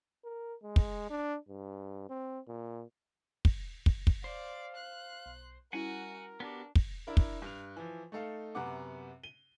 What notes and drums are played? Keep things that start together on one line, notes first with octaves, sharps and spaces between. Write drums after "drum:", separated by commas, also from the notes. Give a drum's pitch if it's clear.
A#4
G#3
drum: kick
D4
G2
C4
A#2
drum: kick
drum: kick
drum: kick
C5 D5 F5
F#6
B1
G3 C#4 E4 F#4 A#4 F#5 G#5
B3 D4 F#4 G4
drum: kick
D4 E4 A#4
drum: kick
G2 F7
E3 F3
A3 D#4 A4 F5
F#2 C3 B3 F#5 D6
D#7 G7